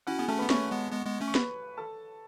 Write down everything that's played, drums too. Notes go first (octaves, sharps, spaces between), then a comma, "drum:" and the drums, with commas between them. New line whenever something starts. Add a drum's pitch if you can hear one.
C#4 E4 F#4 F#5
B3 G#4 G#5
A3 C#4 A4 A5
B3 B4 B5
A3 C#4 C#5 C#6, drum: snare
G#3 B3
G#3 B3
G#3 B3
A3 C#4
C#6
B4 B5, drum: snare
A4 A5